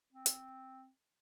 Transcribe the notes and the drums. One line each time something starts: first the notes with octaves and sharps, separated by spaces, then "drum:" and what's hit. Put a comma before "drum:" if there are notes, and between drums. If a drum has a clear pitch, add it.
C4
drum: hi-hat